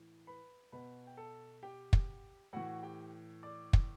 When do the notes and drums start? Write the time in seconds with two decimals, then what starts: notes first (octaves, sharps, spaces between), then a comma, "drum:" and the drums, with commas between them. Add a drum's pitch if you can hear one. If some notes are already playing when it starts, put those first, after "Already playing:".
Already playing: A2 E3
0.27 B4 B5
0.72 B2 B4 B5
1.07 G5
1.17 A4 A5
1.63 G4 G5
1.93 drum: kick
2.53 A2 E3 F#4 F#5
2.83 G4 G5
3.43 D5 D6
3.73 drum: kick